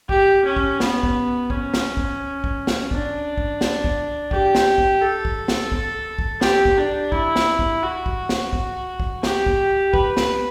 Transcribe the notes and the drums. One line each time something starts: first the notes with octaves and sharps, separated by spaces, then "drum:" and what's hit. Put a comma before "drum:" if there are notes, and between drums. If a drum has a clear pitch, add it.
G4, drum: kick
C#4
drum: kick
B3, drum: snare
drum: kick
C#4, drum: kick
drum: snare
drum: kick
drum: kick
drum: snare
D4, drum: kick
drum: kick
drum: snare
drum: kick
G4, drum: kick
drum: snare
drum: kick
A4
drum: kick
drum: snare
drum: kick
drum: kick
G4, drum: snare
drum: kick
D4
E4, drum: kick
drum: snare
drum: kick
F#4
drum: kick
drum: snare
drum: kick
drum: kick
G4, drum: snare
drum: kick
B4, drum: kick
drum: snare